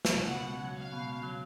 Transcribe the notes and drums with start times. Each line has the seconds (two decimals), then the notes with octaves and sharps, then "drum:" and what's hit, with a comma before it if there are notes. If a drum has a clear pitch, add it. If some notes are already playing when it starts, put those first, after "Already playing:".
0.05 drum: snare
0.16 C#2 F#5
0.31 B2
0.46 C#2
0.62 F#3
0.77 C#2 F5
0.92 B2
1.08 C#2
1.23 F#3